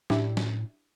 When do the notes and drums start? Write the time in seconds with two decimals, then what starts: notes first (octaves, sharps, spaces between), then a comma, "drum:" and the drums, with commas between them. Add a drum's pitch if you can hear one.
0.10 A2 D4 E4 G4, drum: snare
0.37 drum: snare